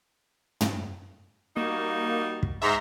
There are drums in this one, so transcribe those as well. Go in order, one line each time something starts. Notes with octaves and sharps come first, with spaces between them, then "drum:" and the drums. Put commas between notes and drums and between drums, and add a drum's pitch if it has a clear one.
drum: tom
G3 A#3 D#4 F#4
drum: kick
G#2 E5 A#5 C6